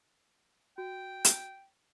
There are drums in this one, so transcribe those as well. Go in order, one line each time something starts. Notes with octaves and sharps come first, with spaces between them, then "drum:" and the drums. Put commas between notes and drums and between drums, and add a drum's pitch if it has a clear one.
F#4 G5
drum: hi-hat